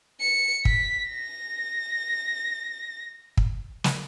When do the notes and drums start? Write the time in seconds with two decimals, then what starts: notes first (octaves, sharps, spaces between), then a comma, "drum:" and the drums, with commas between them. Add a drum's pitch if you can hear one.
0.20 C#7
0.65 B6, drum: kick
1.10 A#6
3.37 drum: kick
3.84 drum: snare